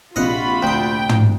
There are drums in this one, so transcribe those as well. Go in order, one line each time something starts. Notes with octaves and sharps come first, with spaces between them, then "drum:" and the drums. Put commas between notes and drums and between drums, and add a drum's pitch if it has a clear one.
A#1 C3 F4 F#4 D#5 F5 F#5 B5
D2 G5 D#6
drum: tom